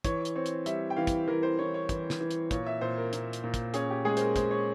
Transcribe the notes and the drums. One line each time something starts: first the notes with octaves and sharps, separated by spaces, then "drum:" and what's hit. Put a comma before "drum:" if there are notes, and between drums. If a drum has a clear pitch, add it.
E3 C#5, drum: kick, hi-hat
drum: hi-hat
C4 C#5
drum: hi-hat
G3 E5, drum: hi-hat
G5
E3 F5
drum: kick, hi-hat
E3 A#4
C5
E3 C#5
C#5
E3, drum: kick, hi-hat
drum: snare
E3
drum: hi-hat
A#2 C#5, drum: kick, hi-hat
E5
A#2 C5
A#4
A#2, drum: hi-hat
drum: hi-hat
A#2
drum: kick, hi-hat
C#4 G#4, drum: hi-hat
G4
G#3 G#4
C5, drum: hi-hat
A#4
G#3 C5, drum: kick, hi-hat
C#5